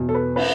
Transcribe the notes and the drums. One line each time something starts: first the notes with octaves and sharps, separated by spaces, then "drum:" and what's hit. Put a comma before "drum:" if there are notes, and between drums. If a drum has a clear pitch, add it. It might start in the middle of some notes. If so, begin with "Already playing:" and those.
Already playing: E2 B2
A4
B4
B4, drum: cymbal